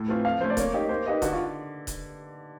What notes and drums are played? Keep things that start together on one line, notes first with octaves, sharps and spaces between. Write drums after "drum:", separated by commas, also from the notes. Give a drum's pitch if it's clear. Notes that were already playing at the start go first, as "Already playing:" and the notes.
Already playing: A2
E3 A3 C4 F4
F3 F5
A3 C#4 C5
D5
A#3 C#5, drum: kick D#1, hi-hat
D#4 G4
A#3 C5
D#4 G4 B4 D#5
D3 F#4, drum: kick D#1, hi-hat
F4
drum: kick D#1, hi-hat